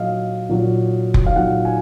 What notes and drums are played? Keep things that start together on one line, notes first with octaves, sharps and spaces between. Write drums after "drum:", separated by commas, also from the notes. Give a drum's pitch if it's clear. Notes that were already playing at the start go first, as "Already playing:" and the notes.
Already playing: A#2 F#3 D#5 F5
A#2 F#3
drum: kick F1
F5
A#2 F#3 F#5
G#5